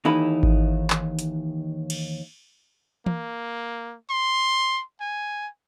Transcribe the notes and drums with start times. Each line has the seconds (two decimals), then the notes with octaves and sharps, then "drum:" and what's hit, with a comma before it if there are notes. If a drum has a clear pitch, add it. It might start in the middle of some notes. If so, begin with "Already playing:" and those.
0.05 D#2 E3 D#4 E4 A4 B5
0.43 drum: kick G#1
0.90 drum: clap
1.19 drum: hi-hat
1.90 drum: cymbal
3.06 A#3, drum: tom
4.10 C6
5.00 G#5